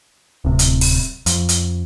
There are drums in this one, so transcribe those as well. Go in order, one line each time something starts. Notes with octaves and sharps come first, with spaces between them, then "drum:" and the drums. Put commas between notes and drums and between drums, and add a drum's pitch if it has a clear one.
D1 C3
drum: hi-hat
drum: open hi-hat
F2, drum: hi-hat
drum: hi-hat